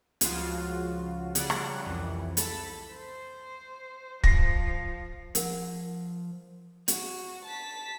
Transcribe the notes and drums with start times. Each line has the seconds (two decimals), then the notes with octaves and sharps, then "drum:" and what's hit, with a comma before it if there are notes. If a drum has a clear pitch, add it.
0.21 C#2 C#3 F3 F4 F#4, drum: hi-hat
1.35 C#3 G3 D5 F#5, drum: hi-hat
1.50 drum: rim click
1.85 C2 F2 E3
2.37 A4 A5 B5, drum: hi-hat
2.95 C5
4.24 F3 A#6 C7, drum: kick
5.35 F3 A#4 F#5, drum: hi-hat
6.88 F#4, drum: hi-hat
7.45 A5 B6